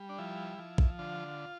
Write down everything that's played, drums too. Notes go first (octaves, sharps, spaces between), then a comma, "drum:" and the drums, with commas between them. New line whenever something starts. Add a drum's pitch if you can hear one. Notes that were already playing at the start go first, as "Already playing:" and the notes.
Already playing: G3
D4
F3 E4
F3
drum: kick
D3 F4